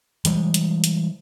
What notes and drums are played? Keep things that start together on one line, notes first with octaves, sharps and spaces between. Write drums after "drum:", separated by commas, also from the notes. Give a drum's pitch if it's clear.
E3 G3 G#3, drum: hi-hat
drum: hi-hat
drum: hi-hat